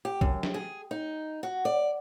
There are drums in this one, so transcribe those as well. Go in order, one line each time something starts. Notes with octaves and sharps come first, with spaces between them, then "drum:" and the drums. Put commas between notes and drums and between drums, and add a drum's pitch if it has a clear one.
G4
F#2, drum: kick
drum: snare
G#4
D#4
F#4
D5